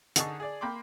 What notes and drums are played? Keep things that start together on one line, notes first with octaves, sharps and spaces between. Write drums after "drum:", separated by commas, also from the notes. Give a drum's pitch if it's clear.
D3 D#4 G#4 A5 C#6, drum: hi-hat
G#4 D5
A#3 G5 B5 C6 D6